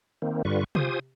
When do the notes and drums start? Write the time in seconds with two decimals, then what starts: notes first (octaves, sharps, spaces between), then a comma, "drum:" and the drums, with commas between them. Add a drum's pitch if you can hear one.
0.22 D#3 A#3 C4
0.45 G2 D3 G3 F4 B4 C#6
0.75 F4 G4 C5 G#5 D#6, drum: tom C3